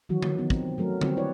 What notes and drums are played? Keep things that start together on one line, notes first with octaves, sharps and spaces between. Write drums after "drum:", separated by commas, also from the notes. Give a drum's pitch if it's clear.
D#3 E3 F#3 F#4
drum: tom D3
F3 B3 D#4
C4, drum: kick
F#3 A3 A#4
G3 C4 F#4, drum: tom D3
E4 B4 C#5 D5